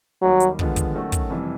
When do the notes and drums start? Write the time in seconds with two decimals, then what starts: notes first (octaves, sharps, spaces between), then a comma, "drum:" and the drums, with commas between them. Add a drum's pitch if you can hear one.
0.22 D#2 D#3 F#3 G3
0.40 drum: hi-hat
0.59 D#2 D3 F3 G#3 B3, drum: kick
0.76 drum: kick, hi-hat
0.94 D#3 F#3 A3 C#4 F#4
1.12 drum: kick, hi-hat
1.30 F2 C3 E3 G3